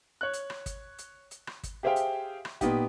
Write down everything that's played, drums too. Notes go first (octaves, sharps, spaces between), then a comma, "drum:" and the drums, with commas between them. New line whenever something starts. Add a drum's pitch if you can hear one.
C#5 F#6
drum: hi-hat
drum: rim click
drum: kick, hi-hat
drum: hi-hat
drum: hi-hat
drum: rim click
drum: kick, hi-hat
G4 G#4 C5 E5 F5 G5
drum: hi-hat
drum: rim click
A#2 B3 D#4 G4, drum: kick, hi-hat